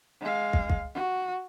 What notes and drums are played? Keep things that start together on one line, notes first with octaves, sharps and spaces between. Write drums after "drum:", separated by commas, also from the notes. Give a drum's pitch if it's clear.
G#3 F5
drum: kick
drum: kick
F#4